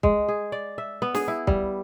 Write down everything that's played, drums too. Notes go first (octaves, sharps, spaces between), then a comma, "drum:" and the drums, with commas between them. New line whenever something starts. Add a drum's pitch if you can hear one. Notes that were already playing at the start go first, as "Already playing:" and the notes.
G#3, drum: kick
G#4
D5
E5
B3
G#4, drum: snare
E4
G3, drum: kick